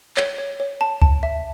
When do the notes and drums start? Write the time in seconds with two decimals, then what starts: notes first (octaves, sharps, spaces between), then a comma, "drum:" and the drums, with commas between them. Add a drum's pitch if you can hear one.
0.17 C#5, drum: clap
0.38 C#5
0.60 C#5
0.81 A5
1.02 A5, drum: kick C#2
1.23 E5